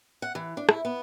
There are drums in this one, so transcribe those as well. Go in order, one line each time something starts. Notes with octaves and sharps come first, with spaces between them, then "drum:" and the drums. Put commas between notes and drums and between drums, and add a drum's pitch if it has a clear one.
F#5
E3
D4
E4, drum: rim click
B3